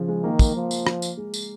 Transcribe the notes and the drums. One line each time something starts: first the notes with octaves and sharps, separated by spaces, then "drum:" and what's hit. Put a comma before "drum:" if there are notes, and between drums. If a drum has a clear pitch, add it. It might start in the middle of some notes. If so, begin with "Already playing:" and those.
Already playing: C#3 F3
G#3
D#3 A#3
drum: kick, tambourine
F3
drum: tambourine
drum: rim click
drum: tambourine
G#3
drum: tambourine